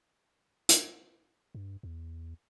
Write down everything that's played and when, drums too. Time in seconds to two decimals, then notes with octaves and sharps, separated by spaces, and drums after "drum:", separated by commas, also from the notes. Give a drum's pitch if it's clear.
0.69 drum: hi-hat
1.55 G2
1.83 E2